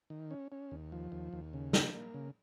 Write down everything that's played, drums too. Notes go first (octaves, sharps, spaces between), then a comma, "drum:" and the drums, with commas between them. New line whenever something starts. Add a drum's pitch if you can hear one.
D#3
C#4
C#4
D#2
F3
D#2
D#2
C#3
A#3, drum: snare
A#3
C#3